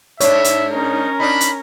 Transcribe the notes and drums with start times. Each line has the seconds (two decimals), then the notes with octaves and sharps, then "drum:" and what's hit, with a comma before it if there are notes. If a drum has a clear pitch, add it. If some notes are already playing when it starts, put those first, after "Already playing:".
0.20 G#2 D4 C#5 E5, drum: hi-hat
0.44 drum: hi-hat
0.73 C#4 D#4 A#4
1.20 D4 D#4 B5
1.41 drum: hi-hat